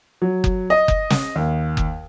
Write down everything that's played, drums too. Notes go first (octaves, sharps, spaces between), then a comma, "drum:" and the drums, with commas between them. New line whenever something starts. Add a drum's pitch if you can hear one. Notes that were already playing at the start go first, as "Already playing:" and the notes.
F#3
drum: kick F#1
D#5
drum: kick F#1
drum: snare
D#2
drum: kick F#1